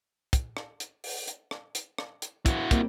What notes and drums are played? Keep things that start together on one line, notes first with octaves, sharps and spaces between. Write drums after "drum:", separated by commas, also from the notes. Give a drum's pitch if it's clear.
drum: kick, hi-hat
drum: rim click
drum: hi-hat
drum: open hi-hat
drum: hi-hat
drum: rim click
drum: hi-hat
drum: rim click
drum: hi-hat
F#2 E3 E4 F#4, drum: kick, hi-hat
G3 A#3 C4, drum: kick, hi-hat